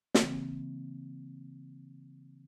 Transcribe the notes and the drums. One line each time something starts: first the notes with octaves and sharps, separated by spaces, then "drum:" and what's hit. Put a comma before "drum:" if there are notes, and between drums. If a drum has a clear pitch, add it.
C#3 E3 A#3 C4, drum: snare